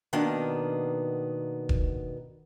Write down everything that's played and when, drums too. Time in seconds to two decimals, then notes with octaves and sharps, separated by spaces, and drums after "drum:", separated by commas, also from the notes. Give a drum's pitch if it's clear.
0.13 B2 D#3 A#3 B3 D4
1.69 drum: kick E1